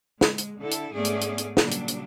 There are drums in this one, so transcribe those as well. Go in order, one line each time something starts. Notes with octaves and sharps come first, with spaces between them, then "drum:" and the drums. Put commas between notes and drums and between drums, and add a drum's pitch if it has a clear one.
G#3, drum: snare
drum: hi-hat
D3 E4 A4
drum: hi-hat
G#2 A3 B3 C#4 G#4 D5
drum: hi-hat
drum: hi-hat
drum: hi-hat
A#2 C#3 F#3 G3 D4, drum: snare
drum: hi-hat
drum: hi-hat